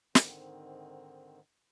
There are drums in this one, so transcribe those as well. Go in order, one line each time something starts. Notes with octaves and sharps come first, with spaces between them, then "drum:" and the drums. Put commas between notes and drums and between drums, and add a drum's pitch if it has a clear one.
G#2 D3 D#3 C4, drum: snare